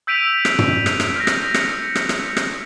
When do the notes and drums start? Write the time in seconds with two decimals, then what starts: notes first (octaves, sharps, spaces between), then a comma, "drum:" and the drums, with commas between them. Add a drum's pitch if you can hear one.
0.07 E6 G6 B6 D7 D#7 F7
0.45 drum: rim click
0.59 drum: tom
0.86 drum: rim click
1.00 drum: rim click
1.16 F6 G6 A#6
1.27 drum: rim click
1.54 C#7, drum: rim click
1.95 drum: rim click
2.09 drum: rim click
2.37 drum: rim click